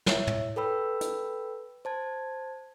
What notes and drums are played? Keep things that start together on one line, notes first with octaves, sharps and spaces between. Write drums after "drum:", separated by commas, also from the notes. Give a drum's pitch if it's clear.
E4 C#5 E5, drum: snare
drum: tom
A4 B4 G5 B5 E6
drum: hi-hat
C5 A5 G#6